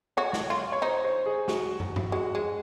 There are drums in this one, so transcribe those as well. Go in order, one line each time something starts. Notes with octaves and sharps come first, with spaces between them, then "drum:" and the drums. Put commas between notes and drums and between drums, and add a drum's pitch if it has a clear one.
F#4 C#5
drum: snare
F4
C#5
D#4 C5
C5
G#4
F#4, drum: snare
drum: tom
drum: tom G2
G#3 F#4
G#3